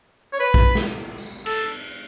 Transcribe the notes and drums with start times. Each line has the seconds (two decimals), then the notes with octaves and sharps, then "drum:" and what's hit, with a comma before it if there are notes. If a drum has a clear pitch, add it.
0.33 C#5
0.40 B4
0.54 drum: kick A#1
0.75 drum: snare
1.18 drum: tambourine
1.46 A4, drum: cymbal